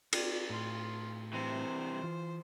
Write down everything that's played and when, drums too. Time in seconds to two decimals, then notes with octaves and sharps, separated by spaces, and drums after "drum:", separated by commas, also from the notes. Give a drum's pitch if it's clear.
0.13 F4 G4 D5, drum: cymbal
0.50 A2 F4
1.33 C3 E3 C5
2.03 E3 F4